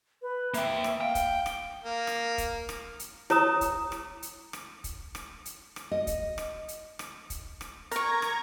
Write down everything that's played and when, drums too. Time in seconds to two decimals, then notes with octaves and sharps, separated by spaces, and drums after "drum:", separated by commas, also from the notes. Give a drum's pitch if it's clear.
0.22 B4
0.54 A#3 E5 G5, drum: hi-hat
0.84 drum: rim click
1.01 F5 G5
1.15 drum: kick, hi-hat
1.46 drum: rim click
1.84 A#3
2.07 drum: rim click
2.38 drum: kick, hi-hat
2.69 drum: rim click
2.99 drum: hi-hat
3.30 E4 C#5 A#5 D#6, drum: rim click
3.61 drum: kick, hi-hat
3.92 drum: rim click
4.22 drum: hi-hat
4.53 drum: rim click
4.84 drum: kick, hi-hat
5.15 drum: rim click
5.45 drum: hi-hat
5.76 drum: rim click
5.91 D#5
6.07 drum: kick, hi-hat
6.38 drum: rim click
6.68 drum: hi-hat
6.99 drum: rim click
7.30 drum: kick, hi-hat
7.61 drum: rim click
7.91 A#4 A#5 C#6 G#6, drum: hi-hat
8.22 drum: rim click